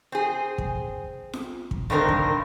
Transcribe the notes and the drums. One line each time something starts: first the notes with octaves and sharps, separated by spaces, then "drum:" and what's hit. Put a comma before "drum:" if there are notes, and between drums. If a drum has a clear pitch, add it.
C4 G#4
drum: kick
drum: snare
drum: kick
G2 D3 D#3 C4 A#4
drum: kick